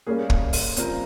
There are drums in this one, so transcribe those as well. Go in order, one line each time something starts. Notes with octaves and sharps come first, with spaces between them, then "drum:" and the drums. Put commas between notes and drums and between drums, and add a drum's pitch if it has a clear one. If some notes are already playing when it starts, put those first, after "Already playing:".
G3 A#3 C#4 G#4
drum: kick
drum: open hi-hat
C#3 G3 C4 F4 A#4, drum: hi-hat